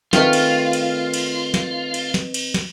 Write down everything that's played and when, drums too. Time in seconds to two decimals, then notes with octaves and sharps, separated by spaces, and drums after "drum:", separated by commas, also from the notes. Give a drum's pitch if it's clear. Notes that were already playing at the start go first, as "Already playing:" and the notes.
0.13 D#3 A3 C4 F4 B4 D#5, drum: snare
0.33 drum: cymbal
0.73 drum: cymbal
1.14 drum: cymbal
1.54 drum: snare
1.94 drum: cymbal
2.14 drum: snare
2.34 drum: cymbal
2.54 drum: snare